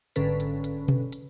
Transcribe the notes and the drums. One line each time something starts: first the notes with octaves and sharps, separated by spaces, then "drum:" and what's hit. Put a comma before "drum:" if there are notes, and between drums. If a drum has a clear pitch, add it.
G1 G#2 D3 C#4 A4 B4, drum: hi-hat
drum: hi-hat
drum: hi-hat
drum: tom B2
drum: hi-hat